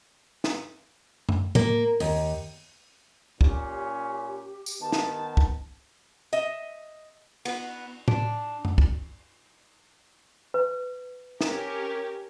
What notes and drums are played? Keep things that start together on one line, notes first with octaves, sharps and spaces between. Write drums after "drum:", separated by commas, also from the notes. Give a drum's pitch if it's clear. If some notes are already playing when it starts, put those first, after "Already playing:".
drum: snare
drum: tom F#2
A#3, drum: tom A2
D#2, drum: open hi-hat
A#2 C#4 G4, drum: kick
drum: tambourine
D#3 B3 A5
drum: snare
drum: kick
D#5 E5, drum: hi-hat
B3 B4, drum: cymbal
D4, drum: tom A2
drum: tom F#2
drum: kick
B4
C#4 G4 A#4, drum: snare